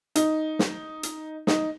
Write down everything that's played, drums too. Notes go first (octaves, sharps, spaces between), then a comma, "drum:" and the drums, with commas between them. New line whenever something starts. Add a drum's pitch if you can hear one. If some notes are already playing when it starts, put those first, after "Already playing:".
D#4, drum: hi-hat
drum: snare
drum: hi-hat
D#4, drum: snare